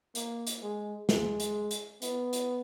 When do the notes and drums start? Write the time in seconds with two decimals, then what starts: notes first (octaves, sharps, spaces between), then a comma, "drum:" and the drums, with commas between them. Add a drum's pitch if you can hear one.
0.15 A#3, drum: hi-hat
0.47 drum: hi-hat
0.62 G#3
1.09 G#3, drum: snare
1.40 drum: hi-hat
1.71 drum: hi-hat
2.02 B3, drum: hi-hat
2.33 drum: hi-hat